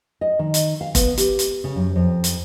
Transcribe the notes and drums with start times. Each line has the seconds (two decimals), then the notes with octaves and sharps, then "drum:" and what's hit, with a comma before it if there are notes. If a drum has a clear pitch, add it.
0.21 D#5
0.39 D#3
0.54 drum: hi-hat
0.81 F5
0.95 B3, drum: kick F1, hi-hat
1.17 G4, drum: hi-hat
1.39 drum: hi-hat
1.64 C#3
1.76 F#2
1.96 F2
2.24 drum: hi-hat